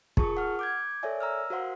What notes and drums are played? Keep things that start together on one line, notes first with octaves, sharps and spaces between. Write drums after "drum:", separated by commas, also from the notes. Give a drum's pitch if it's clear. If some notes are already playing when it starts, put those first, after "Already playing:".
F4 G#4 A#4 A5 C#6 D#6, drum: kick
F#5 F6
D6 G6 G#6
A4 A#4 C#5 D5 E5 G#5
A#5 E6 F6
F#4 A#4 C5 F5 F#5 C6